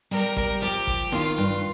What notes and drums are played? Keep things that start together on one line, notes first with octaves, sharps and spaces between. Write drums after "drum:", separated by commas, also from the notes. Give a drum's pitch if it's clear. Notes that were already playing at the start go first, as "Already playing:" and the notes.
G3 A#4, drum: hi-hat
G3, drum: kick G#1, hi-hat
F3 G4
drum: kick G#1, hi-hat
D#3 F4, drum: snare E4
G2